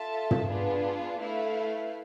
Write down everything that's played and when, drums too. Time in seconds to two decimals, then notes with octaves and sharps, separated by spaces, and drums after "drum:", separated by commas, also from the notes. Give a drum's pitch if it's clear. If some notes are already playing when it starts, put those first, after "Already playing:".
Already playing: F4 A4 E5 A5
0.31 drum: tom
0.48 B3 D4 F4 G#4 B4
1.19 A3 E4 B4 F5